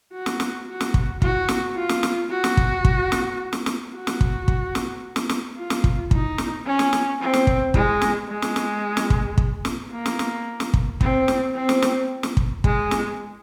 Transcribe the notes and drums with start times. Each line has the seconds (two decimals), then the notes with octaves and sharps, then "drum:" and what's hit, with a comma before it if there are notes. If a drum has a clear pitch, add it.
0.12 F#4
0.26 drum: snare
0.40 drum: snare
0.67 F#4
0.81 drum: snare
0.94 drum: kick
1.22 F#4, drum: kick
1.49 drum: snare
1.76 F4
1.89 drum: snare
2.03 drum: snare
2.30 F#4
2.44 drum: snare
2.57 drum: kick
2.85 drum: kick
3.12 drum: snare
3.53 drum: snare
3.66 drum: snare
3.93 F#4
4.07 drum: snare
4.21 drum: kick
4.48 drum: kick
4.75 drum: snare
5.16 drum: snare
5.29 drum: snare
5.57 F4
5.70 drum: snare
5.84 drum: kick
6.11 D#4, drum: kick
6.38 drum: snare
6.66 C#4
6.79 drum: snare
6.93 drum: snare
7.20 C4
7.33 drum: snare
7.47 drum: kick
7.74 G#3, drum: kick
8.01 drum: snare
8.28 G#3
8.42 drum: snare
8.56 drum: snare
8.97 drum: snare
9.10 drum: kick
9.38 drum: kick
9.65 drum: snare
9.92 A#3
10.06 drum: snare
10.19 drum: snare
10.60 drum: snare
10.74 drum: kick
11.01 C4, drum: kick
11.28 drum: snare
11.55 C4
11.69 drum: snare
11.82 drum: snare
12.23 drum: snare
12.37 drum: kick
12.64 G#3, drum: kick
12.91 drum: snare